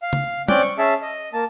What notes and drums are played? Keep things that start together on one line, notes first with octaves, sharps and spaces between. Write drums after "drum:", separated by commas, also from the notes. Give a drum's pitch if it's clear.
F5
drum: tom C#3
C4 C#4 D5 D6 F#6 G6, drum: tom
C#6
C#4 G#4 E5 A5
D#5
A#3 A5